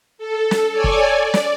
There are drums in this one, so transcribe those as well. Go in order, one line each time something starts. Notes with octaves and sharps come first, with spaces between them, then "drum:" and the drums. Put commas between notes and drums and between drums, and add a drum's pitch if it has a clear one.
A4
drum: snare
A4 C#5 D5 G#5
drum: kick
D5
drum: snare